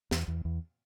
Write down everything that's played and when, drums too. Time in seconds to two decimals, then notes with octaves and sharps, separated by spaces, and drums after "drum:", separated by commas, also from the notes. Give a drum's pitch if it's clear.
0.11 E2, drum: snare
0.28 E2
0.45 E2